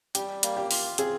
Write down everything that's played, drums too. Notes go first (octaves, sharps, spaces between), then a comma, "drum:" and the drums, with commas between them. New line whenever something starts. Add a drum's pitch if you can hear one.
G3 G4, drum: hi-hat
A#3, drum: hi-hat
G4
F4, drum: open hi-hat
C4 G#4, drum: hi-hat